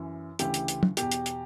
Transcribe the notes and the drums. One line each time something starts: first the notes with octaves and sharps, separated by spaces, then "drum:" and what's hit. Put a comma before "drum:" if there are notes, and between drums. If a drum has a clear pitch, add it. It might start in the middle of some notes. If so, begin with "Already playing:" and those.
Already playing: F#2 E3
D2 C#3 E3 G4, drum: hi-hat
drum: hi-hat
drum: hi-hat
drum: tom
E2 B2 G4, drum: hi-hat
drum: hi-hat
drum: hi-hat